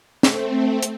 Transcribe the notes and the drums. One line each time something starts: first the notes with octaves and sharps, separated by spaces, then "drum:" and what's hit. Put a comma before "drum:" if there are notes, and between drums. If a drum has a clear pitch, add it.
A3 C4, drum: snare
drum: hi-hat